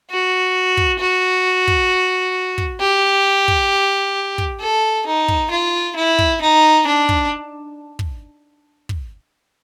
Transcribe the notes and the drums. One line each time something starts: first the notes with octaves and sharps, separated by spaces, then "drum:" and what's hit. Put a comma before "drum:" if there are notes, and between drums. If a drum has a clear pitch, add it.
F#4
drum: kick
F#4
drum: kick
drum: kick
G4
drum: kick
drum: kick
A4
D#4
drum: kick
F4
E4
drum: kick
D#4
D4
drum: kick
drum: kick
drum: kick